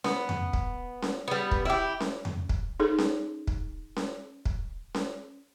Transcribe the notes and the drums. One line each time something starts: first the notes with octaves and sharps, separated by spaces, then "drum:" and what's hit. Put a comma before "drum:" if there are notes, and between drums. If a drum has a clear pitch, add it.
B3, drum: snare C#4
drum: tom F2
drum: kick
drum: snare C#4
G3 B3
drum: kick
E4 G4
drum: snare C#4
drum: tom F2
drum: kick
D#4 G#4 A4
drum: snare C#4
drum: kick
drum: snare C#4
drum: kick
drum: snare C#4